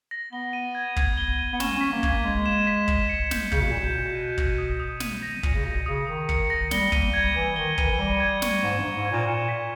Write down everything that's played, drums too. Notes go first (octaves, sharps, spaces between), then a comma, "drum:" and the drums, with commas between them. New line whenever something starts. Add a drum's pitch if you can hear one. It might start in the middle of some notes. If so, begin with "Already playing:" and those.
A#6
B3 G7
D#7
G#6
G#6, drum: kick
G7
D#7
B3
C#4 E7, drum: snare
C#4 B6
A#3
G#6, drum: kick
A#3
G#3 G#6
E7
B6
E7, drum: kick
C#7
G6, drum: snare
C#3 G6, drum: kick
B2
A#2 E7
B2
C#7
D#7
A#6, drum: kick
D#6
D#6
D#7, drum: snare
A#6
A#2 C#7, drum: kick
C#3
B2 A#6
C#3 D#6
D#3 D#6
C#7, drum: kick
A#6
G3 G7, drum: snare
A#3 D#7, drum: kick
G3 G#6
E3 G#6
D#3 G7
E3 D#7, drum: kick
E3
G3 C#7
G#6
C#6, drum: snare
G#2 E7
G2 C#7
G#2
G#6
A#2
A#2 E7
B6